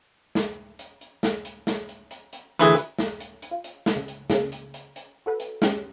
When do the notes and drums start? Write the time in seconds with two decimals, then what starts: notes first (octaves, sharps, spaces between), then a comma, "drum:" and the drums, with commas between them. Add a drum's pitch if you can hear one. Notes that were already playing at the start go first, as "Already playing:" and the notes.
0.35 drum: snare
0.79 drum: hi-hat
1.01 drum: hi-hat
1.23 drum: snare
1.45 drum: hi-hat
1.67 drum: snare
1.89 drum: hi-hat
2.11 drum: hi-hat
2.33 drum: hi-hat
2.59 D2 E3 G#4 B4 E5
2.77 drum: hi-hat
2.99 drum: snare
3.20 drum: hi-hat
3.42 drum: hi-hat
3.51 F4
3.64 drum: hi-hat
3.86 drum: snare
3.96 C#3
4.08 drum: hi-hat
4.30 C#3 A#3, drum: snare
4.52 drum: hi-hat
4.74 drum: hi-hat
4.96 drum: hi-hat
5.26 F#4 A4 B4
5.40 drum: hi-hat
5.62 G#3 C#4 G4, drum: snare